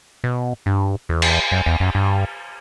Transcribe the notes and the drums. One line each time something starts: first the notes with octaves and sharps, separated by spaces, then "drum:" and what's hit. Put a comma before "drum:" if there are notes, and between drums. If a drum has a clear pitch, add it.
B2
G2
E2
drum: cymbal
F#2
E2
F#2
G2